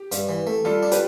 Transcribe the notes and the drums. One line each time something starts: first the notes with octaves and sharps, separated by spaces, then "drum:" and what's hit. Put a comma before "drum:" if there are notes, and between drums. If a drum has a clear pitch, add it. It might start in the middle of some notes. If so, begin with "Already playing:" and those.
Already playing: G4
G2, drum: hi-hat
E3
A3
G3 F4 A4
D4
G4 B4, drum: hi-hat